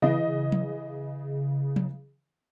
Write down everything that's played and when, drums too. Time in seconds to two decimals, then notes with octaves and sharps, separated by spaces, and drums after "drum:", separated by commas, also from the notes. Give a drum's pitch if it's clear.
0.02 C#3 E3 D#5
0.52 drum: tom F3
1.76 drum: tom F3